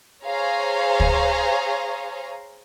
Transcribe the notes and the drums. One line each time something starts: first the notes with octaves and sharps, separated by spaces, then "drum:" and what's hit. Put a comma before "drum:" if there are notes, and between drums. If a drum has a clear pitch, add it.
G#4 C5 C#5 F5 A#5
drum: kick